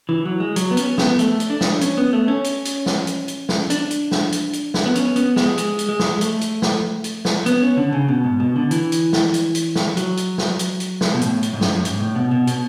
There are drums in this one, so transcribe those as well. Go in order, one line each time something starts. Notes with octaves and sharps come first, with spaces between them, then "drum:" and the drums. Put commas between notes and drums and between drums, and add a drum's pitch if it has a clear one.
E3
F#3
G#3
F#3, drum: hi-hat
B3
C#4, drum: hi-hat
B3, drum: snare
A3, drum: hi-hat
drum: hi-hat
D4
drum: snare
C#4, drum: hi-hat
B3
A3
C#4
drum: hi-hat
drum: hi-hat
drum: snare
drum: hi-hat
drum: hi-hat
drum: snare
D4, drum: hi-hat
drum: hi-hat
drum: snare
drum: hi-hat
drum: hi-hat
drum: snare
B3
C#4, drum: hi-hat
B3, drum: hi-hat
G#3, drum: snare
G#3, drum: hi-hat
drum: hi-hat
G#3
drum: snare
A3, drum: hi-hat
drum: hi-hat
drum: snare
drum: hi-hat
drum: snare
B3, drum: hi-hat
C#4
D3
C#3
B2
G#2
B2
D3
E3, drum: hi-hat
drum: hi-hat
drum: snare
drum: hi-hat
drum: hi-hat
drum: snare
F#3, drum: hi-hat
drum: hi-hat
drum: snare
drum: hi-hat
drum: hi-hat
drum: snare
B2
A2, drum: hi-hat
drum: hi-hat
G#2
F#2, drum: snare
F#2
G#2, drum: hi-hat
A2
B2
B2
B2, drum: hi-hat